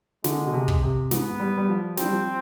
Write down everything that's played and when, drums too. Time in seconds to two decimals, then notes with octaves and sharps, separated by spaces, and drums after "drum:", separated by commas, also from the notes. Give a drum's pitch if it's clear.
0.24 D3 G#3, drum: snare
0.46 B2
0.54 C3
0.68 drum: kick
0.83 C3
1.11 G#2 B3, drum: snare
1.40 G3
1.58 G3
1.69 F3
1.97 F3 C4, drum: snare
2.05 G3
2.12 F3